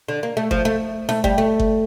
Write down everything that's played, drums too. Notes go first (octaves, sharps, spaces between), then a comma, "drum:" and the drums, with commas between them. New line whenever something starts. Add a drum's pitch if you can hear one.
D3
A#3
A3
F3, drum: kick G1
A3
A3, drum: snare
G3, drum: kick G1
A3
drum: kick G1